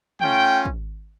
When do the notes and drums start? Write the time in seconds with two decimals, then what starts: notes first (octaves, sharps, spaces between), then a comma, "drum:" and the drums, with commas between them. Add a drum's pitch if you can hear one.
0.20 A3 C#4 F4 G5, drum: tom
0.65 drum: kick